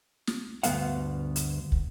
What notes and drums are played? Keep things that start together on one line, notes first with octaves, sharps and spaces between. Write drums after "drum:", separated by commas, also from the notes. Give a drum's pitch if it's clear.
drum: snare
D2 G2 F3 B3 F5 F#5, drum: hi-hat
drum: hi-hat
drum: kick